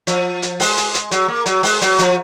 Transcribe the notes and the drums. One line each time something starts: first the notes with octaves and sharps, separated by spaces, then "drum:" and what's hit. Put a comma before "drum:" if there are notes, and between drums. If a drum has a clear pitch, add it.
F3, drum: hi-hat
drum: hi-hat
G#3, drum: open hi-hat
drum: hi-hat
drum: hi-hat
F#3, drum: hi-hat
A#3
F#3, drum: hi-hat
G#3, drum: open hi-hat
F#3, drum: hi-hat
F3, drum: hi-hat